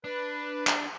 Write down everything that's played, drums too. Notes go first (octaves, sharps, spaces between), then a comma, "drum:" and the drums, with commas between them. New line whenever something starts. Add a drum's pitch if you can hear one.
D4 B4
drum: clap